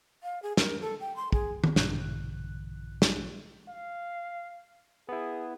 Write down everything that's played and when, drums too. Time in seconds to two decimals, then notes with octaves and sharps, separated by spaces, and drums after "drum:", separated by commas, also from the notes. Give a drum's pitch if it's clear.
0.23 F5
0.43 G#4
0.57 A#4, drum: snare
0.81 A4
1.00 G5
1.16 C6
1.32 G#4, drum: kick
1.64 drum: tom
1.76 A#1 G2 B2 D3 E3 F#6, drum: snare
3.02 drum: snare
3.69 F5
5.09 B3 E4 G#4